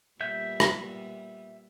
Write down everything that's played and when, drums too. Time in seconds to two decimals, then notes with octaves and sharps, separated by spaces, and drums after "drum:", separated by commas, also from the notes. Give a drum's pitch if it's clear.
0.21 A#2 G3 B3 E5 G6
0.60 drum: rim click